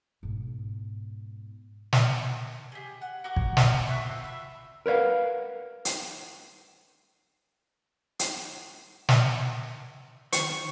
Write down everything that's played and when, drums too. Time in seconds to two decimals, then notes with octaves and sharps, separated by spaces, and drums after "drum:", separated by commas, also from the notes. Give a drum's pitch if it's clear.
0.23 G#2 B2
1.93 drum: snare
2.72 G4 G#4
3.01 F#5
3.24 F#4 A#4 D6
3.36 drum: kick
3.57 drum: snare
3.87 E5 C#6 F#6
4.02 C4 F4
4.24 E5 B5
4.86 A#4 B4 C#5 F5 F#5
5.85 drum: hi-hat
8.19 drum: hi-hat
9.09 drum: snare
10.33 D#3 F4 C5 C#6, drum: hi-hat